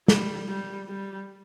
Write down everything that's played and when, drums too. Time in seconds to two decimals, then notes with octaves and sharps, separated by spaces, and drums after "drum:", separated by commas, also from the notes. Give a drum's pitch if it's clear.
0.08 G3, drum: snare
0.48 G3
0.89 G3